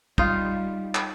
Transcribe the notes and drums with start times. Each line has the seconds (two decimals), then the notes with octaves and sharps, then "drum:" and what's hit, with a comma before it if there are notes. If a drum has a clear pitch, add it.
0.18 G3 D#4 F4, drum: kick
0.95 drum: clap